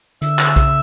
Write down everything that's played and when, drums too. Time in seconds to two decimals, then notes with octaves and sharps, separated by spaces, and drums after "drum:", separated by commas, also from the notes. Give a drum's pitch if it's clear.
0.22 D3 E5, drum: hi-hat
0.39 drum: clap
0.56 C#3, drum: kick B1, hi-hat